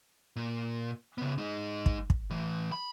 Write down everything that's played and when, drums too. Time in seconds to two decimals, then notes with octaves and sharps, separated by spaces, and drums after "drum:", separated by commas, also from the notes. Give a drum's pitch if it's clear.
0.36 A#2
1.18 C#3 B3
1.38 G#3 D#4
1.86 drum: kick
2.10 drum: kick
2.31 A2 E3
2.72 B5